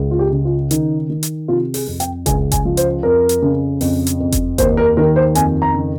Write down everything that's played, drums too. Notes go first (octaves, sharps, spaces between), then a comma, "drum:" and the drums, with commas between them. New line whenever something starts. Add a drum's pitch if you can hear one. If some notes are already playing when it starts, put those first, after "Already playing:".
Already playing: C#2
F4
G4
C#3
F4
D#3 D#4, drum: hi-hat
D#3
drum: hi-hat
C3 F4
G#4, drum: open hi-hat
F2
G5, drum: hi-hat
C#2 G#5, drum: kick F#1, hi-hat
G#5, drum: kick F#1, hi-hat
F3
C5, drum: hi-hat
F2 A#4
drum: hi-hat
C#3
F2, drum: open hi-hat
drum: hi-hat
F2
drum: kick F#1, hi-hat
D#2 C5, drum: kick F#1, hi-hat
A#4
D#3 A#4
C5
F2 G#5, drum: hi-hat
A#5
C#3